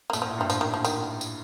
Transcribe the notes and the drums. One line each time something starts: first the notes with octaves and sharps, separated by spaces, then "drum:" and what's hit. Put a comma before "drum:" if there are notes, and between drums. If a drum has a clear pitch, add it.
A#3
A#2 A3, drum: tambourine
F3
A2
G2 G3
A2 F3, drum: tambourine
D#3
F3
D#3, drum: tambourine
drum: tambourine